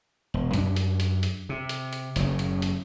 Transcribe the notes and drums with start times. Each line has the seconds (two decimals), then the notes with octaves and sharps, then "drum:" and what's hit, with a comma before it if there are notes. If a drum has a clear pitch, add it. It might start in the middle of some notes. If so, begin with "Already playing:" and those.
0.34 E1
0.54 F#2 C#4 D4, drum: hi-hat
0.76 drum: hi-hat
1.00 drum: hi-hat
1.23 drum: hi-hat
1.49 C3
1.69 drum: hi-hat
1.93 drum: hi-hat
2.16 F#1 A2 C#3, drum: hi-hat
2.39 drum: hi-hat
2.62 drum: hi-hat